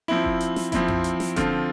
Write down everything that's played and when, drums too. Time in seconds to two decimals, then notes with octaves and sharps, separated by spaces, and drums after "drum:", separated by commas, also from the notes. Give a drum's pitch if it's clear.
0.08 F3 C4 E4
0.25 drum: kick F#1
0.40 drum: hi-hat
0.56 drum: snare
0.72 F3 C4 E4, drum: kick F#1, hi-hat
0.88 drum: tom F2
1.04 drum: hi-hat
1.20 drum: snare
1.36 D3 F3 C4 F4, drum: kick F#1, hi-hat